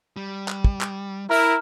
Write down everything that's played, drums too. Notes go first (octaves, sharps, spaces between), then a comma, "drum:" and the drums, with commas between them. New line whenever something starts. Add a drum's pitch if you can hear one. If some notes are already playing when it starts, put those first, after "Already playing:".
G3
drum: clap
drum: kick
drum: clap
E4 A#4 A#5 F6